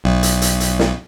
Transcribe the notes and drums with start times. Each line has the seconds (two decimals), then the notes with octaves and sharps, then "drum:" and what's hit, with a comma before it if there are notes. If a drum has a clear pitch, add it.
0.04 B1
0.23 drum: hi-hat
0.42 drum: hi-hat
0.60 drum: hi-hat
0.79 drum: snare